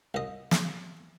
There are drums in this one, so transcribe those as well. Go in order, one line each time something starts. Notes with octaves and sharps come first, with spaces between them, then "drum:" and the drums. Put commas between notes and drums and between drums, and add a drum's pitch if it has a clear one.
C2 D#5
drum: snare